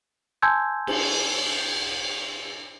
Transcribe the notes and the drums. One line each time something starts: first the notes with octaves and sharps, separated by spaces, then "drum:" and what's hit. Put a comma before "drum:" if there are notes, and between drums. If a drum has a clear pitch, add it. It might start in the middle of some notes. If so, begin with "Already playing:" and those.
G#5 A5 C6 E6 G6 G#6
drum: cymbal